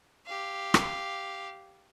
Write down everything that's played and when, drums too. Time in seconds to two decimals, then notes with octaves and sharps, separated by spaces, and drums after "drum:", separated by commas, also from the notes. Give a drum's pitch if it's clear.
0.26 G4 F5
0.74 drum: rim click